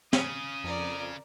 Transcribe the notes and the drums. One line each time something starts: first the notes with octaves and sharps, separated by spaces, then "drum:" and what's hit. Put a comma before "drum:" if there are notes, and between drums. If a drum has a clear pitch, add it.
C#3 D#6, drum: snare
F2 A#4 D5